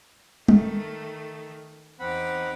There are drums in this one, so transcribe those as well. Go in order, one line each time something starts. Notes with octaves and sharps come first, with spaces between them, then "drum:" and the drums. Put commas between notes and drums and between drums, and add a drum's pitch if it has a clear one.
D#3 A3, drum: tom G3
E2 C4 D#4 F#5 B5 D6